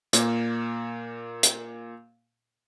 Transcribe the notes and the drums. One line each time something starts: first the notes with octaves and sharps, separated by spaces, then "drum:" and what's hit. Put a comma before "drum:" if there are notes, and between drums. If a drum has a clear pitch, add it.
A#2 A#3, drum: hi-hat
drum: hi-hat